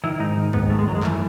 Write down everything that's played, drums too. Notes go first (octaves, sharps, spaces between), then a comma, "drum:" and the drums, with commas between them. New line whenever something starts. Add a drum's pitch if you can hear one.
D#3 E4
G#2 D#4
D#3
G#2 B3, drum: kick
D#3 A3
G#3
F#2 F#3
G#3
E3 A3, drum: clap